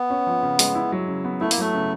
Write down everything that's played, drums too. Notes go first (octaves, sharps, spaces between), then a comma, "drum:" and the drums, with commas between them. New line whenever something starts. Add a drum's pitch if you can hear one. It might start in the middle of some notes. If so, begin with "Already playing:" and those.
Already playing: B3
C#4
F3
C#3
G#3, drum: open hi-hat
E4
F#3
C#3
B3
A3 E4
A#3, drum: open hi-hat
F#3 A3
C#3